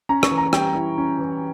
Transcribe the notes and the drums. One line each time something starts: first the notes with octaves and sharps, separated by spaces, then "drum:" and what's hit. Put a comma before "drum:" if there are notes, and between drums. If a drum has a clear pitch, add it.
C#4 A#5
C#6, drum: rim click
E3
A#5
G3 G5, drum: rim click
E4
C#4
E3